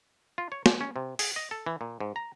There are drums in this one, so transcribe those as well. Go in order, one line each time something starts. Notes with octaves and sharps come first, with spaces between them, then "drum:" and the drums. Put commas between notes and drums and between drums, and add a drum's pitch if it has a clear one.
F4
C#5
D5, drum: snare
C#4
C3
G#4, drum: open hi-hat
D#5
A4
E3
A#2
G#2
A#5